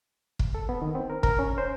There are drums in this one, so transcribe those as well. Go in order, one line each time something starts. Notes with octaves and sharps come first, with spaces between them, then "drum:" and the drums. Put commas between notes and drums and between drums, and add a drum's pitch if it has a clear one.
drum: kick
A4
B3
D#3
C4
A#4
A#4, drum: kick
C#4
C5